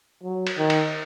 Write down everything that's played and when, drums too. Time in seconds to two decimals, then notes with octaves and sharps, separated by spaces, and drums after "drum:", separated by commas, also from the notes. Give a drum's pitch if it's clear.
0.23 F#3
0.47 drum: cymbal
0.58 D#3
0.70 drum: cymbal